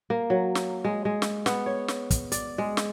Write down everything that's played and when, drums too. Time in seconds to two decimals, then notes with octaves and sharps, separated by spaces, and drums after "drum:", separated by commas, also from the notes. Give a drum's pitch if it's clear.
0.10 A#3
0.30 F#3
0.55 drum: snare
0.85 G#3
1.05 G#3
1.22 drum: snare
1.46 B3, drum: snare
1.66 C#5
1.88 drum: snare
2.11 drum: kick, hi-hat
2.32 D5, drum: hi-hat
2.58 G#3
2.77 drum: snare